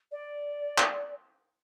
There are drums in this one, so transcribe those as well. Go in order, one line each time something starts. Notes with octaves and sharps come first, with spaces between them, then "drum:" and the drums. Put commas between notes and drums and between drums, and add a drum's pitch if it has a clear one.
D5
drum: clap